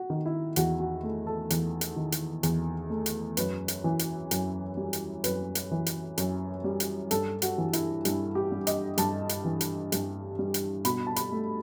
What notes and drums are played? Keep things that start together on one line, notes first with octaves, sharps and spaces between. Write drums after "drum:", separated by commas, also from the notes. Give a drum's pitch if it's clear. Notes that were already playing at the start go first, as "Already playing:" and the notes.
Already playing: F#4
D#3
E4
E2 F#4, drum: hi-hat
F#4
A3
A4
E2, drum: hi-hat
drum: hi-hat
D#3
drum: hi-hat
E2, drum: hi-hat
A3
drum: hi-hat
F#2 B4, drum: hi-hat
drum: hi-hat
E3
drum: hi-hat
F#2, drum: hi-hat
G3
drum: hi-hat
F#2 B4, drum: hi-hat
drum: hi-hat
E3
drum: hi-hat
F#2, drum: hi-hat
G3
drum: hi-hat
G2 A4, drum: hi-hat
F#4, drum: hi-hat
E3
E4, drum: hi-hat
G2 E4, drum: hi-hat
G4
G3
D#5, drum: hi-hat
G2 A5, drum: hi-hat
drum: hi-hat
E3
drum: hi-hat
G2, drum: hi-hat
G3
drum: hi-hat
B2 B5, drum: hi-hat
A5
B5, drum: hi-hat
A3